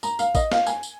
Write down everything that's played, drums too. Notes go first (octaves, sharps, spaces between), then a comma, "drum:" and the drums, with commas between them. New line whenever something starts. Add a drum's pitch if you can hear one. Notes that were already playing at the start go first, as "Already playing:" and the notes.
A#5, drum: tambourine
F5, drum: tambourine
D#5, drum: kick A1, tambourine
F5, drum: snare
G#5, drum: tambourine
drum: tambourine